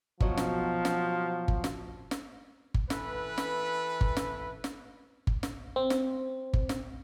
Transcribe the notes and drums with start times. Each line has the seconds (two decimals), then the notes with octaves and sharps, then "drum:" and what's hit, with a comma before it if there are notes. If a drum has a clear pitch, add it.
0.20 B2 F3 F#3, drum: kick G1
0.37 drum: snare
0.85 drum: snare
1.48 drum: kick G1
1.64 drum: snare
2.11 drum: snare
2.74 drum: kick G1
2.90 E3 A4 B4, drum: snare
3.38 drum: snare
4.01 drum: kick G1
4.17 drum: snare
4.64 drum: snare
5.27 drum: kick G1
5.43 drum: snare
5.76 C4
5.90 drum: snare
6.53 drum: kick G1
6.69 drum: snare